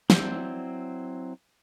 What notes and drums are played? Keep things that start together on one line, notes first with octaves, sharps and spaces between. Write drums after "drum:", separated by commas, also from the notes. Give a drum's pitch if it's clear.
F#3 C4 E4 D5 G6, drum: snare